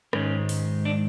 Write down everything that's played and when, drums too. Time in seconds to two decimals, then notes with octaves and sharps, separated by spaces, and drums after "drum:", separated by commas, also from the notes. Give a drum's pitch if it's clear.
0.13 G#2 D#3 G#3 C#4, drum: rim click
0.49 drum: open hi-hat
0.85 D4